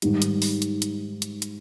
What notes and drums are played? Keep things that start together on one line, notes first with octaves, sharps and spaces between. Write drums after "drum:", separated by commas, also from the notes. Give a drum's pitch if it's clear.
G#2 D#3 G3, drum: hi-hat
drum: hi-hat
drum: open hi-hat
drum: hi-hat
drum: hi-hat
drum: hi-hat
drum: hi-hat